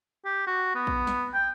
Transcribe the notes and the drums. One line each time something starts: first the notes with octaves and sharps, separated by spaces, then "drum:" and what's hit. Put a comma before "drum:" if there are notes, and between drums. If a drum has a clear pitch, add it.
G4
F#4
B3
drum: kick A#1
drum: snare
G5